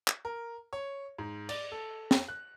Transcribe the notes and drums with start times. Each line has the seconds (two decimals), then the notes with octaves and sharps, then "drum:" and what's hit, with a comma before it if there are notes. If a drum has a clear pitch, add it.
0.08 drum: clap
0.25 A#4
0.73 C#5
1.18 G#2
1.49 D5, drum: cymbal
1.72 A4
2.11 drum: snare
2.28 F#6